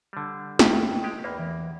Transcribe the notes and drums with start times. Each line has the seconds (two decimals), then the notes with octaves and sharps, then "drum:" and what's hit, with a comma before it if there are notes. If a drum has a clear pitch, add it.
0.13 D3 G3
0.59 D#5 G5, drum: snare
1.04 G#3 G4
1.24 E2 A#3 B4
1.39 E3